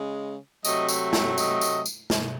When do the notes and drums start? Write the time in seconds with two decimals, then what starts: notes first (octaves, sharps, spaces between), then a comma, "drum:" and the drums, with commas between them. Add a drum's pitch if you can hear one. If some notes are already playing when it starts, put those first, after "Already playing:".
Already playing: C#3 G#3
0.65 C3 F#3 A3 D#5, drum: tambourine
0.89 drum: tambourine
1.13 drum: snare
1.38 D#5, drum: tambourine
1.61 drum: tambourine
1.86 drum: tambourine
2.10 drum: snare